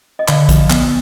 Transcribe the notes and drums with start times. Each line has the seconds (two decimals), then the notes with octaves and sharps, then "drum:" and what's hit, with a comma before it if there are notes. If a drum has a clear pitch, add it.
0.19 D#5
0.28 D3 D5 F5, drum: clap
0.49 F3, drum: kick A#1, hi-hat
0.70 B3, drum: clap